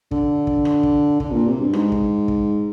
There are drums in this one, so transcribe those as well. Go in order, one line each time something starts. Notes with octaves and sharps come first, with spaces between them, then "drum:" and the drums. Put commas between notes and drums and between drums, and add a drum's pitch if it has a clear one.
D3, drum: kick
drum: kick
drum: rim click
drum: kick
D3, drum: kick
A#2
C3
G2
G#2, drum: rim click
drum: kick
drum: kick